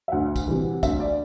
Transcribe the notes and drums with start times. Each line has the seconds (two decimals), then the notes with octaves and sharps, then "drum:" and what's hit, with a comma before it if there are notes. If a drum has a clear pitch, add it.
0.08 E5
0.12 D2 F#5
0.36 drum: kick, tambourine
0.48 C3 E3
0.83 D2 E5, drum: kick, tambourine
1.00 D5